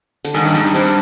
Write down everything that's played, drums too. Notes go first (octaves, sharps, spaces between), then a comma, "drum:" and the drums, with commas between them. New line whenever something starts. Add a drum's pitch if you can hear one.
D3, drum: hi-hat
G#2 D#3
G2 D4
G#2 D#4, drum: snare
G2 D4
G2 C4
drum: hi-hat